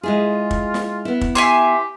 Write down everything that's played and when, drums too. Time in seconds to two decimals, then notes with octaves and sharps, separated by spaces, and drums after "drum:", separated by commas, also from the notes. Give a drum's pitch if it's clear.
0.03 G#3 E4 F4 G#4
0.51 drum: kick
0.74 drum: snare
1.05 B3 E4
1.21 drum: kick
1.35 G4 E5 G#5 C6